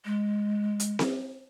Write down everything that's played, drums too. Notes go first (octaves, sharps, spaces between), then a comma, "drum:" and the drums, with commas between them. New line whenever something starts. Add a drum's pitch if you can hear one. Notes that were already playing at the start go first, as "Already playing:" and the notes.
G#3
drum: hi-hat
drum: snare C4